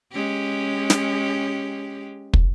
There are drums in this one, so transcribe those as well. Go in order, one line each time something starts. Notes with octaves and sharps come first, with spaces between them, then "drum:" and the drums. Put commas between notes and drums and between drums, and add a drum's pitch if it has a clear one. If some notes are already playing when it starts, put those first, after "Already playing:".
G#3 C#4 G4
drum: snare
drum: kick